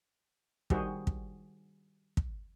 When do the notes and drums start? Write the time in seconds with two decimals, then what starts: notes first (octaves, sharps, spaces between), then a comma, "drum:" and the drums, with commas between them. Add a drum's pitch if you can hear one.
0.70 D#3 G3 F#4 G#4 C5, drum: kick
1.07 drum: kick
2.17 drum: kick